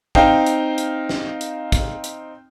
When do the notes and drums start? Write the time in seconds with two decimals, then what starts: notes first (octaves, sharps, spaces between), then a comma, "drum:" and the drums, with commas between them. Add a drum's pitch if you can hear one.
0.15 C4 D#4 F5 G5, drum: kick
0.46 drum: hi-hat
0.78 drum: hi-hat
1.09 drum: snare
1.41 drum: hi-hat
1.72 drum: kick, hi-hat
2.04 drum: hi-hat